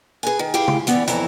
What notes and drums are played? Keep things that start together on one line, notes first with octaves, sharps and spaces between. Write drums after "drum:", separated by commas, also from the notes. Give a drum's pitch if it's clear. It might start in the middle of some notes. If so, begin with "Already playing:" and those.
G#4 B4 G#5
D#3
E4 G4 G#4 F5 G5
drum: tom
E3 B3 C#4 D5, drum: hi-hat
F2 E3 E4 C#5 A#5, drum: hi-hat